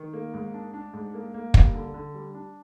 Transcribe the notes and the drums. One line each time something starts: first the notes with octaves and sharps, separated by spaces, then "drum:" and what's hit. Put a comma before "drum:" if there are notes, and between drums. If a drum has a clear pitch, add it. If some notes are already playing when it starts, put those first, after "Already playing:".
Already playing: D#3
A#3
G#2
D4
D4
G#2
A#3
A#3
G3, drum: kick
D3
D3
G3
D4